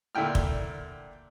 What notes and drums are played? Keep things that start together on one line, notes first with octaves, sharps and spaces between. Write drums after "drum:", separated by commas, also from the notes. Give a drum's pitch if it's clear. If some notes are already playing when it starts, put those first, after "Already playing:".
A#2 D3 E4 G5 F6
drum: kick